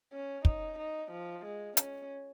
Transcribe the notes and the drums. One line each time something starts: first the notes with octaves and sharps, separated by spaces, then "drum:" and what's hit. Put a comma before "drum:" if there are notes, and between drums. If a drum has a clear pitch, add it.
C#4
D#4, drum: kick
D#4
F3
G#3
C#4, drum: hi-hat